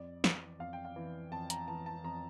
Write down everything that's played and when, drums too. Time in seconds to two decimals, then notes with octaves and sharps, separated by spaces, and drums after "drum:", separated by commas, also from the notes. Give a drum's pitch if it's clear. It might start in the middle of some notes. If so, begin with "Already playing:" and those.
Already playing: F2 D5
0.24 E3, drum: snare
0.59 F2 F5
0.73 G5
0.85 F5
0.96 E3
1.31 F2 A5
1.50 A#5, drum: hi-hat
1.68 E3 A5
1.86 A5
2.04 F2 A#5